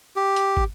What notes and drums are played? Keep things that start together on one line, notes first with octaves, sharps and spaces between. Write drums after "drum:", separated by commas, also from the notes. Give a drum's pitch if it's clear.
G4
drum: hi-hat
drum: kick